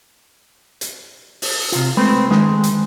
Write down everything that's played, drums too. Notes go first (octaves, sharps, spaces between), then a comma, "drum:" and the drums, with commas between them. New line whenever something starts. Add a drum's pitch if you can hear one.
drum: hi-hat
drum: open hi-hat
C3 F4, drum: hi-hat
G#3 A3 C4 B4
D#3 G#3, drum: snare
drum: hi-hat